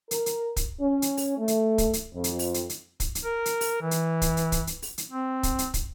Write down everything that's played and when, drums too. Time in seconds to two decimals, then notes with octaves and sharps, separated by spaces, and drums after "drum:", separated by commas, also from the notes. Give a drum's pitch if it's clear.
0.11 A#4, drum: hi-hat
0.26 drum: hi-hat
0.56 drum: kick, hi-hat
0.80 C#4
1.02 drum: hi-hat
1.17 drum: open hi-hat
1.38 A3
1.48 drum: hi-hat
1.78 drum: kick, hi-hat
1.93 drum: hi-hat
2.14 F2
2.24 drum: hi-hat
2.39 drum: open hi-hat
2.54 drum: hi-hat
2.69 drum: hi-hat
3.00 drum: kick, hi-hat
3.15 drum: hi-hat
3.25 A#4
3.46 drum: hi-hat
3.61 drum: open hi-hat
3.82 E3
3.91 drum: hi-hat
4.22 drum: kick, hi-hat
4.37 drum: hi-hat
4.52 drum: kick, hi-hat
4.67 drum: hi-hat
4.82 drum: open hi-hat
4.98 drum: hi-hat
5.09 C4
5.43 drum: kick, hi-hat
5.58 drum: hi-hat
5.74 drum: kick, hi-hat